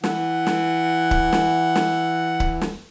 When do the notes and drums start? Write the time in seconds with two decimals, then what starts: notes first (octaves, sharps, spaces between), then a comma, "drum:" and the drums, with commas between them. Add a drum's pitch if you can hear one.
0.04 E3 F#5, drum: snare
0.47 drum: snare
1.11 drum: kick C#1
1.32 drum: snare
1.75 drum: snare
2.40 drum: kick C#1
2.61 drum: snare